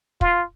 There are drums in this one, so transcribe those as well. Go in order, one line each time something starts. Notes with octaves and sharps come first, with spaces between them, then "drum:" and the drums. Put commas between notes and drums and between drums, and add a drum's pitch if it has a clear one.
F4, drum: kick